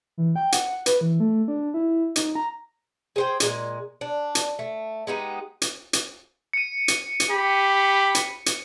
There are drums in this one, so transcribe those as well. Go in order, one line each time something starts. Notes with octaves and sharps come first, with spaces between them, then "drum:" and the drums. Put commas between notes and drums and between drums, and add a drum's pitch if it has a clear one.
E3
G5
F#5, drum: hi-hat
B4, drum: hi-hat
E3
A3
D4
E4
D#4, drum: hi-hat
A#5
G#4 C5 G5
A#2 G#3, drum: hi-hat
D4
drum: hi-hat
A3
G#3 B3 D#4 G4
drum: hi-hat
drum: hi-hat
C#7 D#7
drum: hi-hat
drum: hi-hat
G4 B5
drum: hi-hat
drum: hi-hat